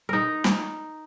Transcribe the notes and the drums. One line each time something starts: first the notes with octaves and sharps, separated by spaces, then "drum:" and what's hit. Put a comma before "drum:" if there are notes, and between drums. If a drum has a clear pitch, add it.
D#4 A#4
drum: snare